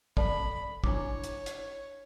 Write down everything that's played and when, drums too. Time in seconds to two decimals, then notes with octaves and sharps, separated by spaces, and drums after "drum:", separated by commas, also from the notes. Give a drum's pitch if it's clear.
0.17 A4 D5 A5 B5, drum: kick
0.84 D4 E4 C#5 D6, drum: kick
1.24 drum: hi-hat
1.46 drum: hi-hat